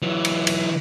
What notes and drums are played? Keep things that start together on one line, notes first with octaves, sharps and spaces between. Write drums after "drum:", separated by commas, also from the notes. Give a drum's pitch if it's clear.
E3 F#3
drum: cymbal
drum: cymbal